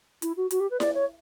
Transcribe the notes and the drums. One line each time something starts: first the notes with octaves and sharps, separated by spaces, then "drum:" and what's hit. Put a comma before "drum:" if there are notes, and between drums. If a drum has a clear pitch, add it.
E4, drum: hi-hat
F#4
F#4, drum: hi-hat
G4
B4
D5, drum: snare E4
C#5